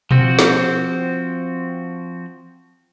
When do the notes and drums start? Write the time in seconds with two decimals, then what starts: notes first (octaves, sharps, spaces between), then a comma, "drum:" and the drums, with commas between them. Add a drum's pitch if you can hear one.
0.11 F3 C4 F#4, drum: tom B2
0.39 drum: snare